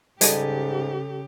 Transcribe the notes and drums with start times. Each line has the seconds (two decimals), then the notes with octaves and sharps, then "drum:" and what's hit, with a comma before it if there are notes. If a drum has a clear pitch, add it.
0.21 G#2 C#3 G3 G4 A4 D#5 G#5, drum: hi-hat